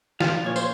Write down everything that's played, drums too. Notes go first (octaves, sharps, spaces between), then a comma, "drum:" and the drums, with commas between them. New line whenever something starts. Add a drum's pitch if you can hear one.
F3 F4, drum: snare
A#2 C#5
C5, drum: tambourine